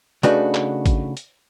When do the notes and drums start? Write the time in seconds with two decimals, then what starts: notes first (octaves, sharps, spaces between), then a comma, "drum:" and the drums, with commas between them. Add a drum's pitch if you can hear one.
0.23 C#3 A3 D4 D#4 F#4 B4, drum: hi-hat
0.54 drum: clap
0.86 drum: kick, hi-hat
1.17 drum: hi-hat